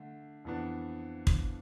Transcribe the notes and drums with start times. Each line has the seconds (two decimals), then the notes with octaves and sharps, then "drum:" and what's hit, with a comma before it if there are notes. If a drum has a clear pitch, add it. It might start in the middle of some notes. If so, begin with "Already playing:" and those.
Already playing: D3 A3 D4
0.45 F2 E3 B3 D4
1.27 drum: kick